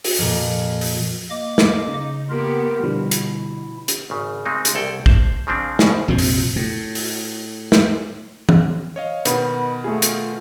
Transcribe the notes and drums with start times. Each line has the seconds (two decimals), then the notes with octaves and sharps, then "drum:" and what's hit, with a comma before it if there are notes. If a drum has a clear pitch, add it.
0.04 drum: open hi-hat
0.18 F2 A#2
0.81 drum: open hi-hat
1.30 A#3 D#5 D6
1.58 drum: snare
1.88 C#3 D#4
2.30 A#3 B3 F4 G4 A#4
2.84 B2 D3 F3 G3 E4
3.11 drum: hi-hat
3.88 drum: hi-hat
4.10 G#1 C#3
4.45 C#3 G#3 C4 D#4
4.65 drum: hi-hat
4.75 C2 A4 D5 G5
5.06 C5 A5, drum: kick A1
5.47 C#3 F3 C4 D4
5.79 D2 B2, drum: snare
6.08 A#1 F2 C3 F3
6.18 drum: open hi-hat
6.56 A2
6.95 drum: open hi-hat
7.72 drum: snare
8.49 drum: tom
8.96 C#5 D#5 F5
9.25 B2 D#3 B3 B5, drum: hi-hat
9.84 A3 F4 G#4
10.02 drum: hi-hat